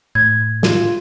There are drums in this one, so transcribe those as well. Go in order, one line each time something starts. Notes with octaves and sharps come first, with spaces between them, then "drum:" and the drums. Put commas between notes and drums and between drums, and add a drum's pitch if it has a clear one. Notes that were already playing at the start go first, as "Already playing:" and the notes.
A2 G#6
F4, drum: snare